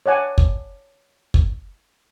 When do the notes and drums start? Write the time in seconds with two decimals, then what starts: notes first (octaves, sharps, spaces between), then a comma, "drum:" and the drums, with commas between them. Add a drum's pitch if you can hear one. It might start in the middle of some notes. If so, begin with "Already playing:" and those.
0.06 C#5 D5 F#5 G#5
0.38 drum: kick
1.34 drum: kick